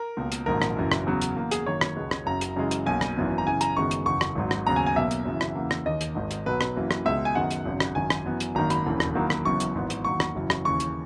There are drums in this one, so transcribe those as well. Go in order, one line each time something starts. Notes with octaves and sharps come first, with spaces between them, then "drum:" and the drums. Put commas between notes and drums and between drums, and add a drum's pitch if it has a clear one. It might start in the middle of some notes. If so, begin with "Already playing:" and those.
Already playing: A#4
C#2 B2 A#3
drum: hi-hat
A#1 G#2 D#3 F#3 A#3 A#4
drum: rim click
F#1 F#2 E3
drum: rim click
E2 C#3 F#3 B3
drum: hi-hat
E2 B2 A#3
G#4, drum: hi-hat
F#2 D#3 A#3 C#5
drum: rim click
C#2 B2 G#3 B3
drum: rim click
F#1 F#2 C#3 A#5
drum: hi-hat
F#2 C#3 E3 G#3
drum: hi-hat
B1 B2 A#3 G#5
drum: rim click
G#1 F#2 E3 B3
A#5
F#2 C#3 E3 G#5
A#5, drum: hi-hat
F#1 F#2 D#3 G#3 B3 C#6
drum: hi-hat
F#1 E2 C#3 C#6
drum: rim click
G#1 G#2 F#3
drum: rim click
D#2 C#3 F#3 B3 A#5
G#5
G#5
B1 B2 A#3 E5
drum: hi-hat
F#2 C#3 E3
drum: rim click
E2 C#3 E3 A#3
drum: rim click
D#2 D#3 A#3 D#5
drum: hi-hat
G#1 G#2 D#3
drum: hi-hat
B1 B2 F#3 B4
drum: rim click
F#2 E3 A#3
drum: rim click
C#2 B2 G#3 E5
G#5
F#2 D#3 G#3 B3 F#5
drum: hi-hat
G#1 F#2 C#3
drum: rim click
G#1 F#2 D#3 G#5
drum: rim click
F#2 E3 B3
drum: hi-hat
G#1 F#2 D#3 A#3 A#5
B5, drum: hi-hat
E1 D#2 C#3 E3
drum: rim click
E2 D#3 F#3 A#3
drum: rim click
F#1 F#2 E3 B3 C#6
drum: hi-hat
G#1 G#2 E3 B3
drum: hi-hat
E2 D#3 F#3 A#3 C#6
drum: rim click
F#1 F#2 E3
drum: rim click
D#2 C#3 E3 C#6
drum: hi-hat